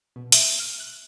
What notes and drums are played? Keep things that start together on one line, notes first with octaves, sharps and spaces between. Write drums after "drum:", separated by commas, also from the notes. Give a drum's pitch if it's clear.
B2
E5, drum: hi-hat
F6
F#6